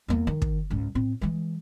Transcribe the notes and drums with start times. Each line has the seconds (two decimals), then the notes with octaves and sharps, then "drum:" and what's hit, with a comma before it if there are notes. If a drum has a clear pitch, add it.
0.08 E2 A#3
0.27 D#3
0.42 drum: kick
0.70 C#2 G#2
0.95 A2 C4
1.21 E3 G#3